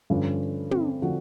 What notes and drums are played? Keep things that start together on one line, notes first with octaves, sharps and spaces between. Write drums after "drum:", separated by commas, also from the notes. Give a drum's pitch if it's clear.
G2 D3 F3 C#4
C4, drum: tom
D3 F3 F#4